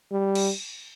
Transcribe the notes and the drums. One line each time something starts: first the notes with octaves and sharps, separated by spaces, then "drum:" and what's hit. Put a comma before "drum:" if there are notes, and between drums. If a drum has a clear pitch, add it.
G3
drum: cymbal